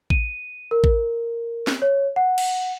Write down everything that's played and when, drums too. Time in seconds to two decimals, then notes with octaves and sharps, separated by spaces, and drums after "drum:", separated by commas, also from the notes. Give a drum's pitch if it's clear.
0.10 D#7, drum: kick A1
0.71 A#4
0.84 drum: kick A1
1.67 drum: snare
1.82 C#5
2.16 F#5
2.38 drum: cymbal